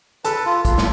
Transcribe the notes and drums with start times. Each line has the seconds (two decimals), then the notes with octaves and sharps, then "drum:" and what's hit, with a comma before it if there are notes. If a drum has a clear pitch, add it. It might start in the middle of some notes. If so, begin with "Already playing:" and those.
0.25 A4 B4 A5, drum: hi-hat
0.45 F4
0.65 F4, drum: kick, hi-hat
0.78 drum: snare